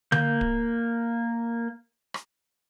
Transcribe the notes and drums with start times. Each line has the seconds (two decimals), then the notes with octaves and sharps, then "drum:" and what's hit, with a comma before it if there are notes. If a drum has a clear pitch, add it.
0.12 A#3 G6, drum: tom D3
0.41 drum: kick D1
2.14 drum: rim click